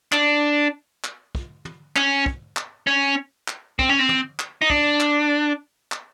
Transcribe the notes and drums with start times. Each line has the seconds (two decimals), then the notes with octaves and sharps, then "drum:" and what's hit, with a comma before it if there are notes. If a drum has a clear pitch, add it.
0.12 D4, drum: clap
1.04 drum: clap
1.35 drum: kick
1.65 drum: tom
1.96 C#4, drum: clap
2.26 drum: kick
2.57 drum: clap
2.87 C#4
3.48 drum: clap
3.79 C4, drum: kick
3.89 C#4
3.99 C4
4.09 drum: tom
4.39 drum: clap
4.62 D#4
4.70 D4, drum: kick
5.00 drum: clap
5.92 drum: clap